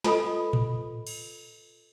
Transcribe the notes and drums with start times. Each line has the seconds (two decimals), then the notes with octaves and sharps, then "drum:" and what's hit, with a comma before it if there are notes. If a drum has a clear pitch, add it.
0.04 F4 A4 B4 D#5 B5 D#6, drum: snare
0.53 drum: tom A2
1.07 drum: cymbal